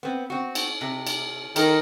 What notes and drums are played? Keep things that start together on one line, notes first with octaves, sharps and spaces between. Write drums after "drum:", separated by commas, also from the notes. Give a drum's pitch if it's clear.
B3 C4
C4 F#4
drum: cymbal
C3
drum: cymbal
D#3 D#4 A4 A#4, drum: cymbal